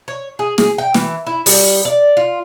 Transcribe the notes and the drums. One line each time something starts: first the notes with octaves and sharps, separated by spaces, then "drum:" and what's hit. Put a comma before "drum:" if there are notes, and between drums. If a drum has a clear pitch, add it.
C#5
G#4
G#4, drum: snare
G5
E3, drum: snare
E4
G3, drum: open hi-hat
D5
F4